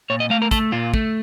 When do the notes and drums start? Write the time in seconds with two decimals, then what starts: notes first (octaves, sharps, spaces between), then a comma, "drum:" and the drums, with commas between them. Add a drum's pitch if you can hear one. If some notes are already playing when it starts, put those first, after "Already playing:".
0.10 A#2 C#5
0.20 D#5
0.30 A3 F5
0.42 A#4
0.51 A3 A4, drum: kick, hi-hat
0.72 A#2 F4
0.94 A3, drum: kick